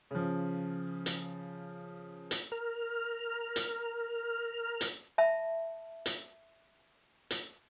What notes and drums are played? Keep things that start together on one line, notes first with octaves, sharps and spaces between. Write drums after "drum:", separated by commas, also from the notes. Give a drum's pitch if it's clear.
C#3 F3
drum: hi-hat
drum: hi-hat
A#4 F6
drum: hi-hat
drum: hi-hat
E5 A5 B5
drum: hi-hat
drum: hi-hat